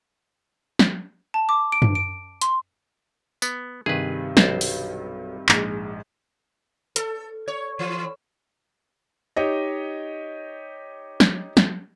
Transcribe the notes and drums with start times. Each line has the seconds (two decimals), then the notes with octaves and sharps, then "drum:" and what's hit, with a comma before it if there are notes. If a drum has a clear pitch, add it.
0.79 drum: snare
1.34 A5
1.49 D6
1.72 D7
1.82 drum: tom F#2
1.95 D7
2.41 C6, drum: hi-hat
3.42 B3, drum: tambourine
3.86 G2 C3 D#3 G#4 B4
4.37 B1 C5, drum: snare
4.61 drum: open hi-hat
5.49 A#1 G#2, drum: clap
6.96 A4, drum: hi-hat
7.48 C#5
7.79 E3
9.36 D#4 G4 C#5 D#5
11.20 drum: snare
11.57 drum: snare